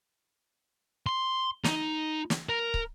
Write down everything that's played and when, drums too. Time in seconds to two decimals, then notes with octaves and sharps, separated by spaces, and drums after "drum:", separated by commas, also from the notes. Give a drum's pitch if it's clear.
1.06 C6
1.64 D#4, drum: snare
2.30 drum: snare
2.49 A#4
2.74 drum: kick